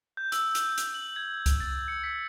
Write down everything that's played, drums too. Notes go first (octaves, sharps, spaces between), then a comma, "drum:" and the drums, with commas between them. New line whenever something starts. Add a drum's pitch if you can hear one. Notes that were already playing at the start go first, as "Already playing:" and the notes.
G6
E6, drum: hi-hat
drum: hi-hat
drum: hi-hat
F#7
G#6
drum: kick C#2, hi-hat
A6
C#7
B6